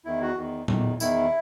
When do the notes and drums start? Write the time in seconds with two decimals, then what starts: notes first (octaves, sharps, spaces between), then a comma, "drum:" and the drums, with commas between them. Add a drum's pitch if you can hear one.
0.05 E2 D#3 E4
0.21 F#4
0.37 E2 D#3
0.68 E2 D#3, drum: tom A#2
1.00 E2 D#3 E4, drum: tambourine